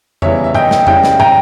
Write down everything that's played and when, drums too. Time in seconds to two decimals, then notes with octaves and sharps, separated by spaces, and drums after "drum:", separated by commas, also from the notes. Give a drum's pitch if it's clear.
0.22 E2 C#3 E3 G3 C#5 E5, drum: tom F2
0.44 E5
0.55 D#5 G5, drum: tom
0.71 drum: snare
0.87 C#3 G3 C#4 E4 D#5 G5, drum: tom F2
1.04 drum: snare
1.20 G5 A#5, drum: tom